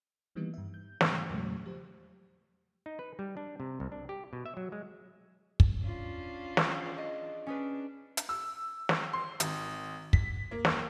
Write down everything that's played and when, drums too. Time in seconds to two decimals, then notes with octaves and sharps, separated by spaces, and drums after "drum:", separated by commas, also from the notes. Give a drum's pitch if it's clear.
0.35 D#3 E3 G3 A#3 B3 D#4
0.54 G2 E5
0.74 G6
1.01 G#2 C#3 E3 G3 A3 B3, drum: snare
1.30 E2 A#2 C#3 F#3 G#3 A3
1.64 F3 G4 C5
2.86 D#4
2.99 B4
3.19 G3
3.37 D4
3.60 C3
3.80 C2
3.92 D4
4.09 G4
4.33 B2
4.46 E5
4.57 F#3
4.72 G#3
5.60 drum: kick
5.82 C#4 D4 F4
6.57 G#4, drum: snare
6.98 D#5
7.47 C#4 D4 G#4 B4
8.17 drum: hi-hat
8.29 E6
8.89 drum: snare
9.13 C6
9.40 G#1, drum: hi-hat
10.13 B6, drum: kick
10.51 A#3
10.65 drum: snare